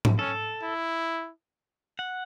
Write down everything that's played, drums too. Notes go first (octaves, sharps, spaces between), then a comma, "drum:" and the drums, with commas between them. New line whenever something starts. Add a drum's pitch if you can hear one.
drum: tom G#2
C#4 A4
E4
F#5